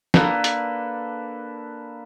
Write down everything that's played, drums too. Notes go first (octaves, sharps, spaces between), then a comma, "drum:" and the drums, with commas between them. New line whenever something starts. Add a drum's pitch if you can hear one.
A#3 D4 A4 B4, drum: snare
drum: hi-hat